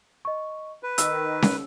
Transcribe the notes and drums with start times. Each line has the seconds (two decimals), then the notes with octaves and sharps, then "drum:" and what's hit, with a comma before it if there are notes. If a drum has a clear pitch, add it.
0.25 D#5 C#6
0.83 B4
0.98 D#3 E6, drum: hi-hat
1.42 drum: snare C#4